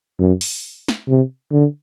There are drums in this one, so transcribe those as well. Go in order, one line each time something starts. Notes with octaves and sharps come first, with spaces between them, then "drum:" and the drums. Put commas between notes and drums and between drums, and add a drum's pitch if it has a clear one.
F#2
drum: open hi-hat
drum: snare
C3
D3